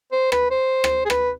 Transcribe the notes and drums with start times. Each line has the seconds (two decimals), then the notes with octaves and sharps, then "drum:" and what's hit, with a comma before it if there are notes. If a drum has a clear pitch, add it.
0.12 C5
0.32 B4, drum: rim click
0.51 C5
0.84 drum: rim click
1.05 G#4
1.10 B4, drum: rim click